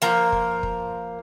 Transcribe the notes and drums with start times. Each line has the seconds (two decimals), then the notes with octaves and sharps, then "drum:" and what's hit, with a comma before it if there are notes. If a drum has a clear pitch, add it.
0.02 F3 A#3 A#5
0.32 drum: kick
0.63 drum: kick